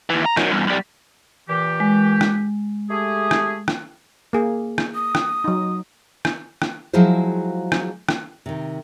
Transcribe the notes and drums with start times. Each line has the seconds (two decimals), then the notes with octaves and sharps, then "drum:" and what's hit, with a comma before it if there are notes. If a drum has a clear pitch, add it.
0.10 D#2 E3
0.26 A#5
0.37 D#3 F#3, drum: rim click
0.52 E2 G2
0.67 B1 G3
1.49 A#2 E3 G4
1.80 G#3
2.21 drum: rim click
2.90 A3 G4 G#4
3.31 drum: rim click
3.68 drum: rim click
4.33 A#3 G#4
4.78 drum: rim click
4.95 D#6
5.15 drum: rim click
5.44 F#3 D#4
6.25 drum: rim click
6.62 drum: rim click
6.93 F3 F#3 G#3 E4 G#4 C5
7.72 drum: rim click
8.09 drum: rim click
8.46 C3 D#3